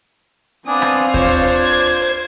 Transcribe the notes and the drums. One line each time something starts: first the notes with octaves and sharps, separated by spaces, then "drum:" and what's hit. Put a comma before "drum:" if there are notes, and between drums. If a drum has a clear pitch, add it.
B3 C4 D4 F5 G#5 D#6
drum: rim click
D4 F4 C5 C#5, drum: kick D#2
G#6